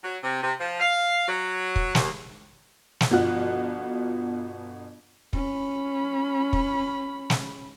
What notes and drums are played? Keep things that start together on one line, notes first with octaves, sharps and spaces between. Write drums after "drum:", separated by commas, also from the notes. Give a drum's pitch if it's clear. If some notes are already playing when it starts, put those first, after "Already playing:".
F#3
C3
C3
F3
F5
F#3
drum: kick
D#2, drum: snare
drum: snare
G1 B2 F3 F4 F#4 F#6
C#4 B5, drum: kick
drum: kick
drum: snare